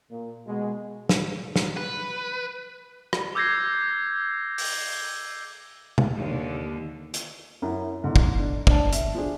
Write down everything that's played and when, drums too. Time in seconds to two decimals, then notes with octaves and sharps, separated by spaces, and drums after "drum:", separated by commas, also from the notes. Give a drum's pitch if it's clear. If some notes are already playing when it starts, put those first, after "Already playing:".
0.11 A#2
0.47 B2 G#3
1.09 drum: snare
1.56 drum: snare
1.77 B4
3.13 drum: rim click
3.35 D6 E6 G6 G#6 A#6 C7
4.58 drum: open hi-hat
5.98 drum: tom
6.16 D#2 D3
7.14 drum: hi-hat
7.62 F#2 E4
8.04 E2 G#2 D3
8.16 drum: kick
8.38 D4
8.67 D4 D5 A5, drum: kick
8.93 E5, drum: hi-hat
9.15 F3 D4 G#4